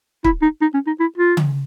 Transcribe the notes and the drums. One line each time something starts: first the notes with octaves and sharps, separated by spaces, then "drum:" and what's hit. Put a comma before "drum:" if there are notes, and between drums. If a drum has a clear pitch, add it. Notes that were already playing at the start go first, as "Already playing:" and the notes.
E4, drum: kick
D#4
D#4
C#4
D#4
E4
F4
drum: tom C#3